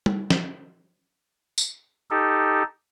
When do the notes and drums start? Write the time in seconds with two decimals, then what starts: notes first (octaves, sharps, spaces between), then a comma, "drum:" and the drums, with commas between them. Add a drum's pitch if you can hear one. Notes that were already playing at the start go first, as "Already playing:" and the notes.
0.06 drum: tom G3
0.30 drum: snare
1.58 drum: tambourine
2.11 D#4 G4 A4